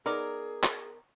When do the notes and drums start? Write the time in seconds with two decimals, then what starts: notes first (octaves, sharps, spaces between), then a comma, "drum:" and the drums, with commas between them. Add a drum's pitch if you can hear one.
0.06 B3 D#4 G#4 A#4 D5
0.63 drum: clap